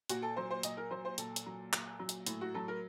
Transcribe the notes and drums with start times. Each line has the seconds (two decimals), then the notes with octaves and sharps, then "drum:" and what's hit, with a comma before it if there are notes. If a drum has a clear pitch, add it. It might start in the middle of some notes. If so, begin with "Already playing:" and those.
0.09 A#2 F#4, drum: hi-hat
0.22 A4
0.36 F#3 C5
0.50 C5
0.63 A#2 D#5, drum: hi-hat
0.77 A#4
0.90 F#3 C5
1.05 C5
1.18 A#2 A4, drum: hi-hat
1.36 drum: hi-hat
1.46 F#3
1.73 A#2, drum: clap
1.99 F#3
2.09 drum: hi-hat
2.27 A2, drum: hi-hat
2.41 F#4
2.54 F#3 A4
2.68 A#4